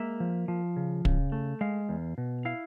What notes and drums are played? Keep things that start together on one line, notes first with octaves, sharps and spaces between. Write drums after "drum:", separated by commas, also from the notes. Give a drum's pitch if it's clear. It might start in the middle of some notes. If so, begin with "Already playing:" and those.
Already playing: G#3 A#3 E5
F3
F3
C#3
C#3, drum: kick
A3
G#3 F5
E2
B2
E4 F5